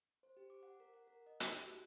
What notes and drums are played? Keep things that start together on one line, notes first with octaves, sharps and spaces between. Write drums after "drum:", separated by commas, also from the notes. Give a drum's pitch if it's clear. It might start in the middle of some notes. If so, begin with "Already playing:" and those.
C5
G4
D6
F#5
A#4
F#5
A#4
D#5
D#4, drum: hi-hat
G4
F#4